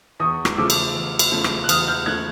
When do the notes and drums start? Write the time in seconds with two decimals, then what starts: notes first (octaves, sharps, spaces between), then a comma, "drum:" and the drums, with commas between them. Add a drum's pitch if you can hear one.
0.20 E2 C#6 D#6
0.45 drum: rim click
0.57 C#3 F3 A3 D6 E6
0.70 drum: cymbal
0.95 E2
1.19 drum: cymbal
1.32 C#3 F3 A3
1.44 drum: rim click
1.64 F#6
1.69 E2 D#6 F6, drum: cymbal
1.88 F6 G6
2.06 C#3 F3 A3 F#6 G#6